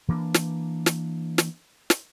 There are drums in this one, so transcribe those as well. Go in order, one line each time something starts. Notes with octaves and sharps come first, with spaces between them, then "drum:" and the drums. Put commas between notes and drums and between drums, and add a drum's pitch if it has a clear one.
E3 A#3 B3 D4
drum: snare
drum: snare
drum: snare
drum: snare